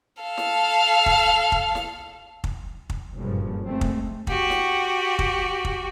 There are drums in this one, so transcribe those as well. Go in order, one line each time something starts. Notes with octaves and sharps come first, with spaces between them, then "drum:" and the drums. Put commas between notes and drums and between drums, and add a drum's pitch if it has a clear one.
A4 F5
drum: snare
drum: kick
drum: kick
drum: snare
drum: kick
drum: kick
F#1 G2 A#2 C#3 F3
G#3 A3 C4
drum: kick
F#4 G4, drum: kick
drum: snare
drum: kick
drum: kick